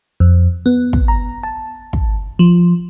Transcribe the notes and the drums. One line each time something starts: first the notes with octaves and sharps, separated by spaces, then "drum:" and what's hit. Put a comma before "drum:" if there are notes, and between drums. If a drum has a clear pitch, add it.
F2
B3
drum: kick
A#5
A5
drum: kick
F3